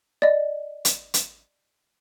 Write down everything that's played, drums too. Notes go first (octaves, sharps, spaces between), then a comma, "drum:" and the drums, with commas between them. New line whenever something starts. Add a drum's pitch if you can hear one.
D5 D#5
drum: hi-hat
drum: hi-hat